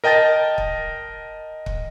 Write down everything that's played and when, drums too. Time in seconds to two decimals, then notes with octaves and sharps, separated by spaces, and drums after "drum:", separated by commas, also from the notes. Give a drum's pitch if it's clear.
0.04 A#4 D#5 G5 A5 A6
0.58 drum: kick
1.66 drum: kick